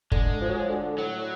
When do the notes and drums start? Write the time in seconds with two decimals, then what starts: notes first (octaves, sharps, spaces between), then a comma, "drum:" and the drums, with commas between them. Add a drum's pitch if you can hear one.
0.12 D3 G#3, drum: kick
0.41 F3
0.49 F#3
0.59 F3
0.69 D3
0.98 A2 F#3